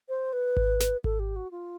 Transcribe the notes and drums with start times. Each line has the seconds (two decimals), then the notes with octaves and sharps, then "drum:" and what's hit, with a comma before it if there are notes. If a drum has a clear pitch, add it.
0.09 C5
0.33 B4
0.57 drum: kick G#1
0.80 drum: snare
1.04 A4, drum: kick G#1
1.19 G4
1.36 F#4
1.51 F4